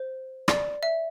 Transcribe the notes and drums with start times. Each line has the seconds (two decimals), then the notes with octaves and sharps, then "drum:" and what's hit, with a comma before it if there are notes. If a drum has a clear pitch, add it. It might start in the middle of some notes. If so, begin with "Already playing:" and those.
Already playing: C5
0.48 D5, drum: rim click
0.83 E5